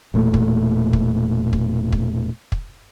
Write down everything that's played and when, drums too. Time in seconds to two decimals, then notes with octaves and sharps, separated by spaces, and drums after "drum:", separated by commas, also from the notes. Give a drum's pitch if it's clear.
0.14 E1 A#2 A3
0.34 drum: kick
0.93 drum: kick
1.53 drum: kick
1.92 drum: kick
2.52 drum: kick